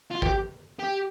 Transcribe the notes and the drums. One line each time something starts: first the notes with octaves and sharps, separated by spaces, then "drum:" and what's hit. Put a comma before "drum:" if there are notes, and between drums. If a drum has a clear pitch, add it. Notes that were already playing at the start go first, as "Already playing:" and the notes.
F4
G4, drum: kick
G4